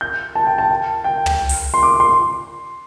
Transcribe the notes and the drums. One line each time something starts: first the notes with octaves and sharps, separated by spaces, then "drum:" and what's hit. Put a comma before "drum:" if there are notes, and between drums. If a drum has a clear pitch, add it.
G6
A5
G5
A5
G5
drum: tom
drum: open hi-hat
C6
D6
C6